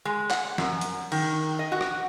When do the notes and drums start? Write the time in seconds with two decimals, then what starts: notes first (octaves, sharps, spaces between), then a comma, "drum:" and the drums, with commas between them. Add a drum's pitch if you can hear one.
0.05 G#3
0.31 F#5, drum: clap
0.58 F#2, drum: snare
0.81 drum: hi-hat
1.12 D#3, drum: cymbal
1.59 D#5
1.72 F#4
1.81 drum: rim click